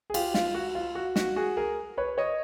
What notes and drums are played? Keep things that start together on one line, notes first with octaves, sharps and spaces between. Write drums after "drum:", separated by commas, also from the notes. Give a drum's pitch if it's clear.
G#4
F4 G4, drum: cymbal
F4, drum: snare
F#4
F4
F#4
F#4, drum: snare
F#4 G#4
G#4 A#4
B4 C#5
C#5 D#5